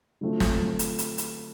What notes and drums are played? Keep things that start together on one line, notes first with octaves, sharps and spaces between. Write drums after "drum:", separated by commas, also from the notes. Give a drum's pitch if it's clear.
D3 F#3 A3 C4 F4
drum: snare
drum: hi-hat
drum: hi-hat
drum: hi-hat